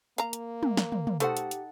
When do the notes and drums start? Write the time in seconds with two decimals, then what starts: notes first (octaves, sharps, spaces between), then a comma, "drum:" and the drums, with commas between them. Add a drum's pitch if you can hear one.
0.18 A#3 F5 A#5, drum: hi-hat
0.33 drum: hi-hat
0.63 drum: tom
0.77 drum: snare
0.92 drum: tom
1.07 drum: tom
1.20 A3 D#4 G4 A4 C5 F#5, drum: hi-hat
1.37 drum: hi-hat
1.51 drum: hi-hat